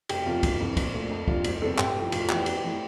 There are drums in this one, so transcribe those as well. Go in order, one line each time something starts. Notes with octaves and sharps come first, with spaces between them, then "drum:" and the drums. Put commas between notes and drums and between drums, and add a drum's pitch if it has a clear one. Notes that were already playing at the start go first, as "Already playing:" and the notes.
F1 G4, drum: cymbal
E2 C3 F3 A3 F4
G1, drum: kick, cymbal
F2 C3 E3
A#1, drum: kick, cymbal
A#2 A3
F2
D3 G3 F4, drum: kick
F1, drum: cymbal
E2 C3 E3 G3 A4
A1 G4, drum: clap
A2 F3 A3
F1 F4, drum: cymbal
E2 E3 G4, drum: clap
E2, drum: cymbal
E3 A3